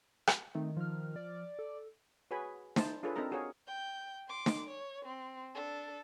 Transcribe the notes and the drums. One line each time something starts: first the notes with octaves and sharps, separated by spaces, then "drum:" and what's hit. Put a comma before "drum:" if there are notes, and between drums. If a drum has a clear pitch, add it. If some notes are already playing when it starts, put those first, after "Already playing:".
drum: rim click
D#3 A3 C4 D#4
F3 F6
D5
A4
F#4 G#4 B4 C#5 G#5 B5
D#4 E4 C5 A5, drum: snare
D4 F4 G#4 A4 B4 C#5
C4 D4 D#4 A4 A#4 A#5
F#4 G#4 A#4 C#5 F5
G5 G6
C6 D6
drum: snare
C#5
C4
D4 A4